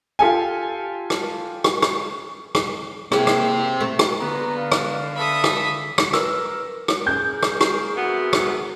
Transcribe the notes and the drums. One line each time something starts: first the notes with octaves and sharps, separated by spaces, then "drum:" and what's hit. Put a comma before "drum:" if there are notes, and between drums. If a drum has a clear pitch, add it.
F4 G4 A4 G#5
drum: rim click
drum: rim click
drum: rim click
drum: rim click
A#3 C4 E4 G4 G#4, drum: rim click
drum: rim click
A3
drum: rim click
D3 A#3 B3 F4 A#5
B4 D5 F5
drum: rim click
A4 E5 B5 D#6
drum: rim click
drum: rim click
A#4 B4 E6, drum: rim click
drum: rim click
G#4 A#4 G6
drum: rim click
drum: rim click
C3 B3 F#4
drum: rim click